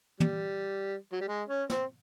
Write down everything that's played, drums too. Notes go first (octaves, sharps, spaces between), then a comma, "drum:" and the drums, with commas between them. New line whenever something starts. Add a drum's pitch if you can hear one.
G3, drum: tom
F#3
G3
G#3
C#4
C4, drum: snare